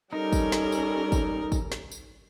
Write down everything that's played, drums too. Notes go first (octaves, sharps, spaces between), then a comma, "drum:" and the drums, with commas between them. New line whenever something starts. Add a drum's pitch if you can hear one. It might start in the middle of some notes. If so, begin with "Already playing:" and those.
G3 C#4 D#4 A4 A#4
drum: kick, tambourine
drum: snare
drum: tambourine
drum: kick, tambourine
drum: kick, tambourine
drum: snare
drum: tambourine